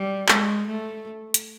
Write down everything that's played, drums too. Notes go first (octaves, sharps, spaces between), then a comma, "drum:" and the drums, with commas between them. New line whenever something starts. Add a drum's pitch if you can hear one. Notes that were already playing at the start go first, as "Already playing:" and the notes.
Already playing: G3
G#3, drum: clap
A3
drum: hi-hat